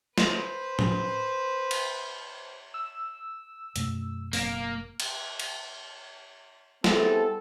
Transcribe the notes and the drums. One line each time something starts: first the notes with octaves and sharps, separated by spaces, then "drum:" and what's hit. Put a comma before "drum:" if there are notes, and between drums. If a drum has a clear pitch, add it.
B4 C5, drum: snare
drum: tom
drum: cymbal
E6
F#2 B2 A3, drum: hi-hat
F#1 B2 A#3 C4, drum: open hi-hat
drum: cymbal
drum: cymbal
G3 B3 C4 E4 G#4 A4, drum: snare